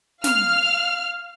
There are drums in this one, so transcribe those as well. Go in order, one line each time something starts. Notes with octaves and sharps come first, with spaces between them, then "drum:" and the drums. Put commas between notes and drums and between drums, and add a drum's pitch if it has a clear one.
F5 F6, drum: snare